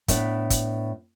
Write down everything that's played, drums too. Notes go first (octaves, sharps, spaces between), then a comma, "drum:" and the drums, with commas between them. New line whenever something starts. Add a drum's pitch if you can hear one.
A2 B3 D4, drum: kick, hi-hat
drum: kick, hi-hat